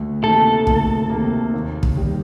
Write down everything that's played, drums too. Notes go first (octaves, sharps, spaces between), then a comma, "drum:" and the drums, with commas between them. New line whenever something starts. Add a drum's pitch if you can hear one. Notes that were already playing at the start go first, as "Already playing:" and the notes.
Already playing: D2
C3 D#3 A#3 A4
D2, drum: kick
C3 D#3 A#3
D#2
drum: kick
D#3 G3